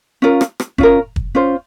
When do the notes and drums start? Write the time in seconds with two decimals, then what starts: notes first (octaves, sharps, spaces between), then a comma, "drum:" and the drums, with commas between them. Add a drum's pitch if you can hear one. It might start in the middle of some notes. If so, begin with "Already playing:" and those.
0.22 C#4 F4 A#4
0.41 drum: rim click
0.60 drum: rim click
0.78 C#4 F4 A#4, drum: kick
1.16 drum: kick
1.35 C#4 F4 C5